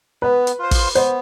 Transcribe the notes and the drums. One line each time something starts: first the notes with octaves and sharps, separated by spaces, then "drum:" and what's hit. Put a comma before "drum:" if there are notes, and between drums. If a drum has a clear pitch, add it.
B3 B4
drum: hi-hat
F4 C5
drum: kick, open hi-hat
B3 C5, drum: hi-hat